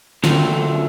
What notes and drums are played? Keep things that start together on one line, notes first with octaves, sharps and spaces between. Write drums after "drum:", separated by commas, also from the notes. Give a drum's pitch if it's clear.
D3 F#3 A3 C4 F4, drum: snare